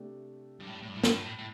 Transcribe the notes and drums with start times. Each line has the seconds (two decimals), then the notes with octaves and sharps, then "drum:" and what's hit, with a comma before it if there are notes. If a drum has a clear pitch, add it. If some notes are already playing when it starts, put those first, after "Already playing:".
Already playing: C3 A3 D4 G4
0.60 G2
0.67 A2
0.75 G2
0.82 A2
0.89 G2
0.96 A2
1.04 G2, drum: snare
1.10 A2
1.17 G2
1.25 A2
1.38 A2